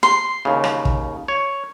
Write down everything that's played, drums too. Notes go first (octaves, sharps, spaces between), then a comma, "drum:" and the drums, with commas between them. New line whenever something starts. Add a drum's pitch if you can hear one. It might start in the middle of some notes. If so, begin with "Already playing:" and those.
C6
D#2 C#3
drum: rim click
drum: kick
C#5